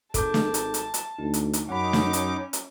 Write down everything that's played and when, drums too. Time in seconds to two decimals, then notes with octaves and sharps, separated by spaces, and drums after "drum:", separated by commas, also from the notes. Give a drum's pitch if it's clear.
0.14 G#1 A4 A5 D6 G6, drum: kick, hi-hat
0.34 drum: snare
0.54 drum: hi-hat
0.74 drum: hi-hat
0.94 drum: hi-hat
1.19 D2 D#4
1.34 drum: hi-hat
1.53 drum: hi-hat
1.69 F#2 C#4 D#4 F#5 B5 D6
1.93 drum: snare
2.13 drum: hi-hat
2.53 drum: hi-hat